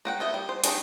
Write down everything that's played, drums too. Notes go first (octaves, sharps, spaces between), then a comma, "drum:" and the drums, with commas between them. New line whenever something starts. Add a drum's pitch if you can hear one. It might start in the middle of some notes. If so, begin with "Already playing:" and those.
A#3 F#5 G5
B3 D#5 E5
G3
C5
D#3 G3 D4 D#4 G#4, drum: hi-hat